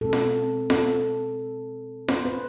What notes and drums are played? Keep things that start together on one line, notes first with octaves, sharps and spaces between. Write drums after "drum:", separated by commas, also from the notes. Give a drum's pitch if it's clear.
B2 G#3 C4 A4
drum: snare F4
A4, drum: snare F4
C5, drum: snare F4
B4